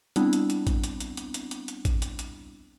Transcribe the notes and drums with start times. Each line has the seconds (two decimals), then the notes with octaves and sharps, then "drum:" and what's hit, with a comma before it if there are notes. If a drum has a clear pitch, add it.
0.16 G3 B3 C4 D4 E4, drum: hi-hat
0.33 drum: hi-hat
0.50 drum: hi-hat
0.67 drum: kick, hi-hat
0.84 drum: hi-hat
1.00 drum: hi-hat
1.17 drum: hi-hat
1.34 drum: hi-hat
1.51 drum: hi-hat
1.68 drum: hi-hat
1.85 drum: kick, hi-hat
2.02 drum: hi-hat
2.19 drum: hi-hat